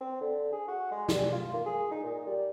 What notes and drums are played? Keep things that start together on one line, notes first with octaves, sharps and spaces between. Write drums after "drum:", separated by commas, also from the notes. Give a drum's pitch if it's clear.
C4
D3
G#4
F#4
G#3
G3, drum: snare
F4
A#3
G#4
D#4
A#2
G3